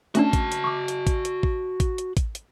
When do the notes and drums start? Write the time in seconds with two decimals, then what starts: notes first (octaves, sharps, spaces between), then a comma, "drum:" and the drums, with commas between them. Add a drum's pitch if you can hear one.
0.15 A3 C#4 D4 F#4 A5, drum: hi-hat
0.33 drum: kick A1, hi-hat
0.52 drum: hi-hat
0.64 C#6 D6
0.88 drum: hi-hat
1.07 drum: kick A1, hi-hat
1.25 drum: hi-hat
1.43 drum: kick A1
1.80 drum: kick A1, hi-hat
1.98 drum: hi-hat
2.17 drum: kick A1, hi-hat
2.35 drum: hi-hat